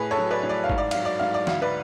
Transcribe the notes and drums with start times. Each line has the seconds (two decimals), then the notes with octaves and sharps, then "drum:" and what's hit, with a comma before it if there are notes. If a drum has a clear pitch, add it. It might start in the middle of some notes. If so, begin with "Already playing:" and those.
Already playing: A2 G#4 B4
0.11 A4 C#5
0.17 F#3
0.31 B4 D5
0.43 A2
0.49 D5
0.64 F5
0.69 G#2, drum: kick
0.78 D5
0.91 F#3 F5, drum: cymbal
1.05 D5
1.19 G#2 F5
1.34 D5
1.47 D2 F5, drum: snare
1.62 B4 D5